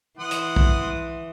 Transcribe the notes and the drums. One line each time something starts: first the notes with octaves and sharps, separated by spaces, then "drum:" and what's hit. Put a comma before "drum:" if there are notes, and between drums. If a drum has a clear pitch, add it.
E3 F#5 C6 D#6
drum: hi-hat
drum: kick